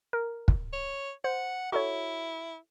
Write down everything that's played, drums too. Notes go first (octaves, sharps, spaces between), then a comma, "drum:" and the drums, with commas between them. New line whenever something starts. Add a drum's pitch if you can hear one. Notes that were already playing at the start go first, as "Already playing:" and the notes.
A#4
drum: kick
C#5
C5 F#5
E4 F#4 A4 C#5